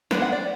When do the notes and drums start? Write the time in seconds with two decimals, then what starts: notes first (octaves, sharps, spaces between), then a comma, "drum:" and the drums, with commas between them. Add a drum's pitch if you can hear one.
0.11 G#3 B3 D4 B4, drum: snare
0.22 F#5
0.32 D5